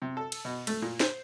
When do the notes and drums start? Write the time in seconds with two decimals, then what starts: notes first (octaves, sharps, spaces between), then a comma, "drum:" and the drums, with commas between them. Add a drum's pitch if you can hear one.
0.02 C3
0.17 A4
0.32 drum: cymbal
0.45 B2
0.67 A3, drum: cymbal
0.82 A#2
1.00 C5, drum: snare